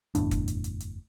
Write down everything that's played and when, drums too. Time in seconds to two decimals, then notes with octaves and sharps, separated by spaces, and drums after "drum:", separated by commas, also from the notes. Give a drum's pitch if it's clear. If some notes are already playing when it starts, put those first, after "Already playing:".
0.15 F#1 E2 A2 D4, drum: hi-hat
0.31 drum: kick, hi-hat
0.48 drum: hi-hat
0.64 drum: hi-hat
0.80 drum: hi-hat